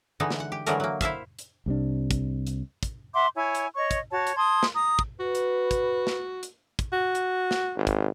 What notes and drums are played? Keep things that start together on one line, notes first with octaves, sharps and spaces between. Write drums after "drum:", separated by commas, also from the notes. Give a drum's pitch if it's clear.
D3 E3 G#3 D#4
drum: snare
F#5
G4
D3 E3 F#3 G#3 A3 A#4, drum: hi-hat
F#3 A#3
E4 C5 E5 F5, drum: kick, hi-hat
drum: hi-hat
C2 C3 D4
drum: kick, hi-hat
drum: hi-hat
drum: kick, hi-hat
E5 F#5 C6 D6
E4 C#5 G#5
drum: hi-hat
C#5 D#5 C#6
drum: kick, hi-hat
F#4 C#5 A5
drum: hi-hat
A5 C6 D#6 G#6
drum: snare
A#5 D#6
drum: kick
F#4 B4
drum: hi-hat
drum: kick, hi-hat
drum: snare
drum: hi-hat
drum: kick, hi-hat
F#4
drum: hi-hat
drum: snare
G#1
drum: kick, hi-hat